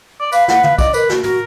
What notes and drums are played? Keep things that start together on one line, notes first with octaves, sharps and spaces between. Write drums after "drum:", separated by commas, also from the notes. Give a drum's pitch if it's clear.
D5
B4 F5, drum: tambourine
F#5, drum: snare
F5, drum: tom D3
D5 D#5, drum: kick, tambourine
A#4 B4, drum: tambourine
F#4, drum: snare
F#4 A#4, drum: tom